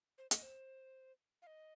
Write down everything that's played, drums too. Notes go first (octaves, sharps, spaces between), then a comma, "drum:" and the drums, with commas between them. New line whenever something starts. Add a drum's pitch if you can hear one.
C5
D#5, drum: hi-hat
C5
F5
D#5